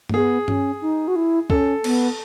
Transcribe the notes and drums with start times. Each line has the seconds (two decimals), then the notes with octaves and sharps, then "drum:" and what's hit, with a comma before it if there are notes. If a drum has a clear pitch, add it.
0.09 A3, drum: tom G2
0.14 B3 G#4
0.48 C#4, drum: tom G2
0.81 D#4
1.08 F#4
1.16 E4
1.50 C#4 A4, drum: kick
1.84 B3, drum: cymbal